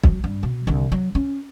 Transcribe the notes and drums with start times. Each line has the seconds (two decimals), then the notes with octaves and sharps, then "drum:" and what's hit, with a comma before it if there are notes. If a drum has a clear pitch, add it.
0.04 F#3, drum: kick
0.24 G2
0.43 B2
0.67 C2 D3
0.92 F#3
1.15 C#4